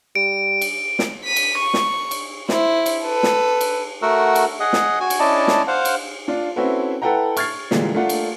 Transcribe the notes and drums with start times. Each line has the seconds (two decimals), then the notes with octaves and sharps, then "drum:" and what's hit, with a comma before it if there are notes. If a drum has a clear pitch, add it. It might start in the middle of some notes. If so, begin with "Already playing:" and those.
0.15 G3 D7
0.61 drum: cymbal
0.99 drum: snare
1.25 B6 D#7
1.36 drum: cymbal
1.58 C#6
1.74 drum: snare
2.11 drum: cymbal
2.49 E4 C5, drum: snare
2.86 drum: cymbal
3.05 A4 B4
3.23 drum: snare
3.61 drum: cymbal
4.02 A3 F#4 A#4 F#5 E6
4.35 drum: cymbal
4.60 G#4 D#5 F#5 D#6
4.73 drum: snare
5.00 F#4 G#5
5.10 drum: cymbal
5.20 C#4 D4 E4 D5 D#5 A5
5.48 drum: snare
5.68 C5 F5 F#5
5.85 drum: cymbal
6.28 D4 F4
6.56 C4 C#4 E4 F#4 A4 B4
7.02 E4 A4 B4 F#5 G5 A#5
7.37 C#6 F6 G#6 A6 C7, drum: cymbal
7.71 A#2 D3 E3 G3 G#3 A#3, drum: snare
7.95 A3 A#3 D4 F4 F#5
8.09 drum: cymbal